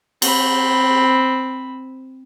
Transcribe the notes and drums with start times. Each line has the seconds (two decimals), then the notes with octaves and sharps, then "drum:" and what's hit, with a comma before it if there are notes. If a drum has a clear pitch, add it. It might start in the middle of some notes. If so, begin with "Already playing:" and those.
0.22 C4 B5, drum: cymbal